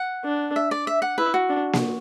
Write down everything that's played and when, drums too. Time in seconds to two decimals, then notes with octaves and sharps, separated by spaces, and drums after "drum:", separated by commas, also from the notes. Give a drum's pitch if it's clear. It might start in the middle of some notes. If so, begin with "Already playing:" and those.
Already playing: F#5
0.24 D4
0.56 E5
0.71 D5
0.87 E5
1.02 F#5
1.18 E4 B4
1.34 F#4
1.49 D4
1.73 drum: snare A#3